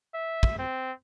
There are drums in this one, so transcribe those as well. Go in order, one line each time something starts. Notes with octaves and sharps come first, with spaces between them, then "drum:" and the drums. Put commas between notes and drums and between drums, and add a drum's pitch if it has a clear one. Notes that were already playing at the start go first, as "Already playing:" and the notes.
E5
drum: kick
C4